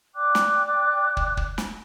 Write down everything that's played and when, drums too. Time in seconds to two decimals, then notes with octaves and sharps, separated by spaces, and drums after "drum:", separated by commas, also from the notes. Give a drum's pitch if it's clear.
0.14 D5 G5 D6 F#6
0.35 drum: snare
1.17 drum: kick
1.37 drum: kick
1.58 drum: snare